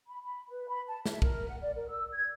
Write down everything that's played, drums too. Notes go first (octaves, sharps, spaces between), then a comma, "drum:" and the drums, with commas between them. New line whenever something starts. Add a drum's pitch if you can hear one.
B5
B5
B4
B5
A5
E5, drum: snare
A#4, drum: kick
F#5
D5
A#4
E6
G#6